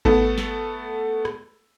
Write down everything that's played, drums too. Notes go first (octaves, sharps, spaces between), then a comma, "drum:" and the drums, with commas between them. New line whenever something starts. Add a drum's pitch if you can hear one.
A3 B3 A4, drum: kick G#1
drum: snare
drum: rim click